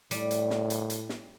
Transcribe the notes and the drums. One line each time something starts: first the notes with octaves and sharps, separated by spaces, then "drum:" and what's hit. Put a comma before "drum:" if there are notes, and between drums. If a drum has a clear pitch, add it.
A2 G3, drum: hi-hat
drum: hi-hat
drum: snare
drum: hi-hat
drum: hi-hat
drum: snare